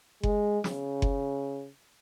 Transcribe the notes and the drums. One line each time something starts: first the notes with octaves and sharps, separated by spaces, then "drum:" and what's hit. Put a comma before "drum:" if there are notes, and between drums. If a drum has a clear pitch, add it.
G#3, drum: kick F#1
C#3, drum: snare
drum: kick F#1